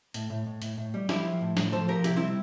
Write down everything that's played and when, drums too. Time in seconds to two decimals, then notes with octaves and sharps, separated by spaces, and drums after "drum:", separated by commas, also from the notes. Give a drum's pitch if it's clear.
0.14 A2, drum: hi-hat
0.30 A2
0.46 A2
0.62 A2, drum: hi-hat
0.78 A2
0.94 G3
1.09 F3 E4 G4, drum: snare
1.25 F3
1.41 A2
1.57 A2, drum: snare
1.72 F3 A4 C5
1.88 F3 G4 A#4
2.04 C3 E4 G4, drum: hi-hat
2.16 G3 C4 E4